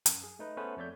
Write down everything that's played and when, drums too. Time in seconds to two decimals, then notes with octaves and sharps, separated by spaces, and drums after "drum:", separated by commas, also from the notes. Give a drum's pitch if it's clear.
0.06 F#2, drum: hi-hat
0.24 G#4
0.39 A3 D#4 B4 D#5
0.57 A3 B3 C#4 G#4 B4 C5
0.77 F2 A3 C#5 D5 E5 G6